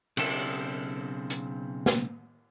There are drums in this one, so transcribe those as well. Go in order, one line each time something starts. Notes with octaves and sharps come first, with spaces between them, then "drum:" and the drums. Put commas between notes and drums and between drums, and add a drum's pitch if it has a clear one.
B1 C#3 C4 A4 E5, drum: cymbal
drum: hi-hat
drum: snare